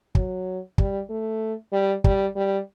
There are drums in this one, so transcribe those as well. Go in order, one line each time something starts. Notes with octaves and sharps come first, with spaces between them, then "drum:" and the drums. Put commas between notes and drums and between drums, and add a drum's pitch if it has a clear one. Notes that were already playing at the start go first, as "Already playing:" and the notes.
F#3, drum: kick
G3, drum: kick
A3
G3
G3, drum: kick
G3